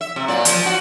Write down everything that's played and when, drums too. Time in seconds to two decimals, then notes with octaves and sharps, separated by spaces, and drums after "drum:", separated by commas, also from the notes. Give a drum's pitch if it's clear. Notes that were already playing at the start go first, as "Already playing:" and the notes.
0.01 E5
0.16 C3
0.28 A#2 F#3 D5
0.45 F3, drum: hi-hat
0.66 F#4